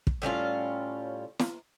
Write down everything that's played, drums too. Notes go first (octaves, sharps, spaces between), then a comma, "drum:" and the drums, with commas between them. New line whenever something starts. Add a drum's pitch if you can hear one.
drum: kick
A2 G3 C#4 F4
drum: snare